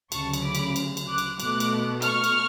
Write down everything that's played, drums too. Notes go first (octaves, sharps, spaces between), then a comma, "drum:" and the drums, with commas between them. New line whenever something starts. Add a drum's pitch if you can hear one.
D2 C#3 F#3 A5 C#6, drum: cymbal
drum: cymbal
B5 D6
drum: cymbal
drum: cymbal
drum: cymbal
D6 F#6
drum: cymbal
B2 A3 D6 F#6, drum: cymbal
drum: cymbal
C#6 F6, drum: cymbal
drum: cymbal